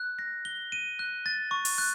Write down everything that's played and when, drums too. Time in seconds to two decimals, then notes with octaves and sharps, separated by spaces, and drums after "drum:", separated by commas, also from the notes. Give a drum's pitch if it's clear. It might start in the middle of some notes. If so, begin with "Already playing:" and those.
Already playing: F#6
0.19 A#6
0.45 G7
0.72 D#7
0.99 F#6
1.26 A6
1.51 C#6
1.65 drum: open hi-hat
1.78 F#6